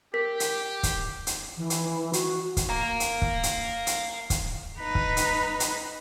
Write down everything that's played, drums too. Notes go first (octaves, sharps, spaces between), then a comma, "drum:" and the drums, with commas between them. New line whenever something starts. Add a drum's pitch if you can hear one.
G4 A#4 B6
drum: hi-hat
drum: kick, hi-hat
drum: hi-hat
E3
drum: hi-hat
F#4, drum: hi-hat
drum: kick, hi-hat
F5 A#5
drum: hi-hat
drum: kick
drum: hi-hat
drum: hi-hat
drum: kick, hi-hat
D#4 B4
drum: kick
drum: hi-hat
drum: hi-hat